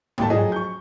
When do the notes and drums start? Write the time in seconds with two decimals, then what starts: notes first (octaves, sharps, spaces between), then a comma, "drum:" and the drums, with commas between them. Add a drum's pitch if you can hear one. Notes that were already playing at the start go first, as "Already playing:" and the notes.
0.18 D#2 G3 A3 A5, drum: tom G#2
0.30 F3 F#3 G#4 D#5
0.52 C#6 G6